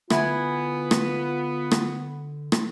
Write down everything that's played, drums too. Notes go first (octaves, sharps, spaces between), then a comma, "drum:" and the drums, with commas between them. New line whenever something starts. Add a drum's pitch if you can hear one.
D3 B3 E4 F4 G#5, drum: rim click
drum: rim click
drum: rim click
drum: rim click